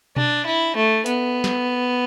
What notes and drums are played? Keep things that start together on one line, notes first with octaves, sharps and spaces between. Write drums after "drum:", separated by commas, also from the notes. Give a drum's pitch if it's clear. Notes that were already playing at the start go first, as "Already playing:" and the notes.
D4, drum: tom B2
E4
A3
B3, drum: hi-hat
drum: snare